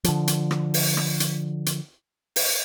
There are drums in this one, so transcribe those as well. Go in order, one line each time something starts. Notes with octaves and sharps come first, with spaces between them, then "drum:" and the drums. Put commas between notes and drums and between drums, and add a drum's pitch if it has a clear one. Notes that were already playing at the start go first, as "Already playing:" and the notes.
D3 F3, drum: hi-hat
drum: hi-hat
drum: rim click
drum: open hi-hat
drum: rim click
drum: hi-hat
drum: hi-hat
drum: open hi-hat